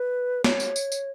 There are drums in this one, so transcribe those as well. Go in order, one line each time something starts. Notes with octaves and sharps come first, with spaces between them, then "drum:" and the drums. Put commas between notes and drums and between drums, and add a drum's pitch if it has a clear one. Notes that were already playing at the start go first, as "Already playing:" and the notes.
Already playing: B4
C#5, drum: snare
drum: tambourine
drum: tambourine
drum: tambourine